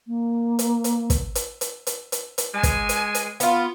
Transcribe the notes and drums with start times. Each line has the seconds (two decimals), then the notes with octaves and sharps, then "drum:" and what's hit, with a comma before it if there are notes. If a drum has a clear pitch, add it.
0.07 A#3
0.59 drum: hi-hat
0.84 drum: hi-hat
1.10 drum: kick, hi-hat
1.35 drum: hi-hat
1.61 drum: hi-hat
1.87 drum: hi-hat
2.12 drum: hi-hat
2.38 drum: hi-hat
2.54 G#3 G#5
2.63 drum: kick, hi-hat
2.89 drum: hi-hat
3.15 drum: hi-hat
3.40 B3 F4, drum: hi-hat